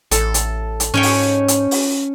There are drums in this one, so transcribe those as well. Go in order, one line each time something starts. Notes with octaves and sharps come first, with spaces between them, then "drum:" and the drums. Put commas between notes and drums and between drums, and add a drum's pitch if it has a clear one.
A1 A4, drum: hi-hat
drum: hi-hat
drum: hi-hat
G#2 C#4 C#5 G5
drum: open hi-hat
drum: hi-hat
drum: open hi-hat